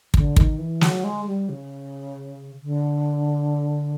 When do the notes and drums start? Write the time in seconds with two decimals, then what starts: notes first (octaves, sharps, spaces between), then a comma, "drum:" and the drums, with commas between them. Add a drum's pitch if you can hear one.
0.14 D3, drum: kick
0.36 D#3, drum: kick
0.58 E3
0.81 F#3, drum: snare
1.04 G#3
1.27 G3
1.49 C#3
2.63 D3